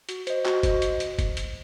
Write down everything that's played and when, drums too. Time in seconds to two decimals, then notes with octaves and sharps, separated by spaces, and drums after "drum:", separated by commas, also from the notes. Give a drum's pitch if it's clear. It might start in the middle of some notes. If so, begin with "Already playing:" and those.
0.09 F#4, drum: hi-hat
0.27 C5 D#5, drum: hi-hat
0.46 F#4, drum: clap
0.63 C5 D#5, drum: kick F#1, hi-hat
0.82 drum: hi-hat
1.00 drum: hi-hat
1.19 drum: kick F#1, hi-hat
1.37 drum: hi-hat